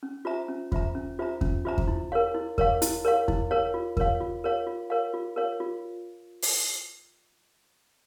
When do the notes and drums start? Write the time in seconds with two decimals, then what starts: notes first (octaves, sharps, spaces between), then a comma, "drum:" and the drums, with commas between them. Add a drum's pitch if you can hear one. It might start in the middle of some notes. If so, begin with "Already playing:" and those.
0.03 C#4
0.25 F4 C5 E5 A#5
0.49 C#4
0.72 F4 C5 E5 A#5, drum: kick E2
0.95 C#4
1.19 F4 C5 E5 A#5
1.41 C#4, drum: kick E2
1.65 F4 C5 E5 A#5
1.78 drum: kick E2
1.88 E4
2.12 A#4 C#5 F5
2.35 E4
2.58 A#4 C#5 F5, drum: kick E2
2.82 E4, drum: hi-hat
3.05 A#4 C#5 F5
3.28 E4, drum: kick E2
3.51 A#4 C#5 F5
3.74 F4
3.97 A#4 C#5 F5, drum: kick E2
4.20 F4
4.44 A#4 C#5 F5
4.67 F4
4.90 A#4 C#5 F5
5.14 F4
5.36 A#4 C#5 F5
5.60 F4
6.42 drum: open hi-hat